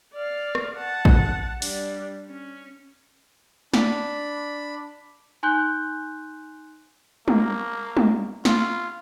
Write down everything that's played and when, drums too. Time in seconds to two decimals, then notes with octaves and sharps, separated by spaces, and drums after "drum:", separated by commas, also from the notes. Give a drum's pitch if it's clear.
0.14 D5 F5
0.55 drum: rim click
0.76 F#5 A5
1.05 drum: kick A1
1.62 G3 D4, drum: open hi-hat
2.29 C#4
3.74 D4 B5, drum: snare
5.43 D#4 G#5 C6 F#6 G6 G7
7.28 A#3, drum: tom
7.97 drum: tom
8.45 F4, drum: snare